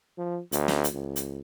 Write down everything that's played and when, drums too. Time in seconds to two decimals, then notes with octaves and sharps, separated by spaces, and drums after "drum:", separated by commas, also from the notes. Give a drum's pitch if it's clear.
0.18 F3
0.52 D2, drum: hi-hat
0.68 drum: snare
0.84 drum: hi-hat
0.94 C#2
1.16 drum: hi-hat